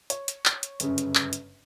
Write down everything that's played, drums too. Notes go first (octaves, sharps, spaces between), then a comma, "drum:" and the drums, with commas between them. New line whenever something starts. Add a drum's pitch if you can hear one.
C#5, drum: hi-hat
drum: hi-hat
drum: clap
drum: hi-hat
G1 F#2 C#3, drum: hi-hat
drum: hi-hat
drum: clap
drum: hi-hat